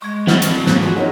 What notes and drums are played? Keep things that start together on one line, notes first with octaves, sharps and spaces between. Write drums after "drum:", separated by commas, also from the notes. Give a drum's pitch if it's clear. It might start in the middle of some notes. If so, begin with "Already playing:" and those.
G#3 C#6 G#6
F#3 A3 C4 E4 F#5 F6 A6, drum: snare
F3, drum: hi-hat
G#2 A#3 F#6, drum: snare
G#3 F4 F#4
C#4 D#4 G#4 A#4 C#5 F#5